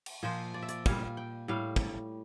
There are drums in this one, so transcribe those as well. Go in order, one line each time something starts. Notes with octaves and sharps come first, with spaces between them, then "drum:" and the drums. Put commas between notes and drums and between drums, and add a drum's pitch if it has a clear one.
drum: cymbal
A#2 F3 C5
D5
E5
D5, drum: hi-hat
A#2 G3 F5, drum: kick
G5
A2 G3 F5
drum: kick